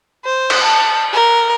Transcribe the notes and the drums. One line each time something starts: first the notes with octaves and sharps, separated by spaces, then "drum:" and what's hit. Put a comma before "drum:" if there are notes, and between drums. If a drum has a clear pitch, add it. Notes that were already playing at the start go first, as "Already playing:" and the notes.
C5
drum: cymbal
A5
A#4